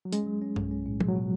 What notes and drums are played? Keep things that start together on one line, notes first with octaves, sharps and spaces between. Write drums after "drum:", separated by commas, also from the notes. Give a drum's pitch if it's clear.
F#3
G#3 C#4, drum: hi-hat
F#3
C#4
B1, drum: tom G2
C#4
A2
B2 G#3, drum: tom F3
F#3
B2 F3